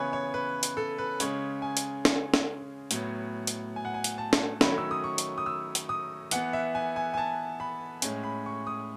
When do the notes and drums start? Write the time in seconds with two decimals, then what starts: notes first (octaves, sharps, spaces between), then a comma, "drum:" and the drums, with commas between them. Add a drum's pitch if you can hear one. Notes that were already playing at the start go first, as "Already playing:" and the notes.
Already playing: C#3 E3 B3 B4 C#5 G#5
0.13 C#5
0.34 B4
0.63 drum: hi-hat
0.77 A4
0.98 B4
1.20 C#3 G#3 C#4 C#5, drum: hi-hat
1.62 G#5
1.77 drum: hi-hat
2.05 drum: snare
2.34 drum: snare
2.91 A2 F#3 B3, drum: hi-hat
3.47 drum: hi-hat
3.76 G#5
3.85 F#5
3.94 G#5
4.04 drum: hi-hat
4.18 A5
4.33 drum: snare
4.61 D#3 F#3 A3 C#4 B5, drum: snare
4.78 E6
4.91 D#6
5.04 C#6
5.18 drum: hi-hat
5.38 D#6
5.46 E6
5.75 drum: hi-hat
5.89 D#6
6.31 E3 B3 F#5, drum: hi-hat
6.53 E5
6.75 G#5
6.96 G#5
7.14 G#5
7.18 A5
7.60 B5
8.02 A2 G#3 C#4, drum: hi-hat
8.24 B5
8.46 C#6
8.67 D#6